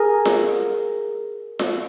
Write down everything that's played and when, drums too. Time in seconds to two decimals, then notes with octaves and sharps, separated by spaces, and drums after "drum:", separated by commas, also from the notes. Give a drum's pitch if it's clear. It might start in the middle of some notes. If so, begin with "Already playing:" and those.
Already playing: G#4 A#4
0.25 drum: snare F4
1.59 drum: snare F4